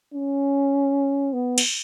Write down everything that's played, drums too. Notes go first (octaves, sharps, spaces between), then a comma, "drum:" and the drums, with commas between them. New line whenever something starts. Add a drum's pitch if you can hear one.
C#4
B3
drum: cymbal